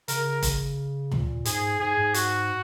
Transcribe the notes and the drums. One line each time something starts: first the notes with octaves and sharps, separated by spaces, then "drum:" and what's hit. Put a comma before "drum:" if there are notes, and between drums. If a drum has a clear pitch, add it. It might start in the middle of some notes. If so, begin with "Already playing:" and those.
C#3 A#4, drum: hi-hat
drum: kick E1, hi-hat
A#2, drum: tom
G#2 G#4, drum: hi-hat
G#2 G#4
G#2
F#4, drum: hi-hat